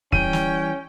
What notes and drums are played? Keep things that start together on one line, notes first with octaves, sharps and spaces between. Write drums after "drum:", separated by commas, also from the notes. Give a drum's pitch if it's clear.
E3 G3 C#4 G5 D#7, drum: kick C#1
drum: snare